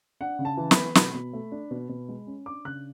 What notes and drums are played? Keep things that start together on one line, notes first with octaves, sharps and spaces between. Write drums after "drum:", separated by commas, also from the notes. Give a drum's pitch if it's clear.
D4 F#5
C#3
A5
E3
B5, drum: snare
B3
B2 B5, drum: snare
B2
A3
D4
B2
B2
G#3
C#4
D4 D6
C#3 F#6